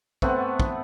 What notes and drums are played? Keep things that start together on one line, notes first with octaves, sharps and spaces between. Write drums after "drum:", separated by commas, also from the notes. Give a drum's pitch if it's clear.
A3 B3 C4 F#5, drum: kick
drum: kick